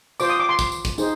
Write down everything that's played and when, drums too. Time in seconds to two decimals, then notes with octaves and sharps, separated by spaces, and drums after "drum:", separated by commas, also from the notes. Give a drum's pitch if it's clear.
0.20 F4 C5 D6, drum: tambourine
0.30 D#6
0.40 D6
0.49 C6
0.59 drum: kick, tambourine
0.72 drum: tambourine
0.85 drum: kick, tambourine
0.98 D#4 G#4 C5, drum: tambourine